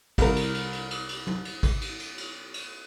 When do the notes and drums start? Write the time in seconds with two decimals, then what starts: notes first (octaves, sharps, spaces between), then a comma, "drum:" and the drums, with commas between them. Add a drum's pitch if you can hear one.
0.18 C2 A#4, drum: kick G#1, cymbal
0.36 drum: cymbal
0.54 drum: cymbal
0.72 drum: cymbal
0.91 drum: cymbal
1.09 drum: cymbal
1.27 drum: tom
1.45 drum: cymbal
1.63 drum: kick G#1, cymbal
1.81 drum: cymbal
1.99 drum: cymbal
2.18 drum: cymbal
2.54 drum: cymbal